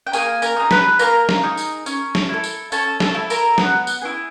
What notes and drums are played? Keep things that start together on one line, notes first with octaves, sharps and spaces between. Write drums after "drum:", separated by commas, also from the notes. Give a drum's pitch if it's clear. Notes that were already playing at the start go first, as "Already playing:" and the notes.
G5
A#3 G#4 G#5, drum: tambourine
A#4 A#5, drum: tambourine
D#4 G#4
B4 B5, drum: snare
A#3 A#4 A#5, drum: tambourine
drum: snare
D#4 G#4
drum: tambourine
C#4, drum: tambourine
drum: snare
E4 A4
drum: tambourine
C#4 A4 A5, drum: tambourine
A4 A5, drum: snare
E4 A4
A#4 A#5, drum: tambourine
B3, drum: snare
drum: tambourine
E4 G#4